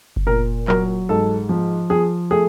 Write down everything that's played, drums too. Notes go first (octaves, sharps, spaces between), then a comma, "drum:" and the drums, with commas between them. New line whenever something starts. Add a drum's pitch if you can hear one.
drum: kick F#1
A#2 A#4
F#3 A#4, drum: clap
G#2 A4
F3
F3 G#4
A3 G#4